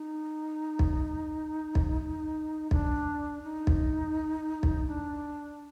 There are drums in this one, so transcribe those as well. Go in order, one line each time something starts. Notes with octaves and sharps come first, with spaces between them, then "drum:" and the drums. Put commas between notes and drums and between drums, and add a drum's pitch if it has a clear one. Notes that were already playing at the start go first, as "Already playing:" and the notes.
Already playing: D#4
drum: kick
drum: kick
D4, drum: kick
D#4
drum: kick
drum: kick
D4